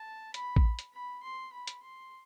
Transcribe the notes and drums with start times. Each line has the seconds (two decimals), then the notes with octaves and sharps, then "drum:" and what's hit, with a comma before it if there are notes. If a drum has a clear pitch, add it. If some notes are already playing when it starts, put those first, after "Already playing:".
Already playing: A5
0.34 B5, drum: hi-hat
0.56 drum: kick A1
0.79 drum: hi-hat
0.93 B5
1.23 C6
1.52 B5
1.67 drum: hi-hat
1.82 C6